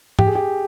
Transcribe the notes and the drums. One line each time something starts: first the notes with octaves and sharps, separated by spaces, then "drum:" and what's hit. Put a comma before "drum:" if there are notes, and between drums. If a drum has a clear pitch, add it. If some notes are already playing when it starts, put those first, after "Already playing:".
G4, drum: tom G#2
G#4
G4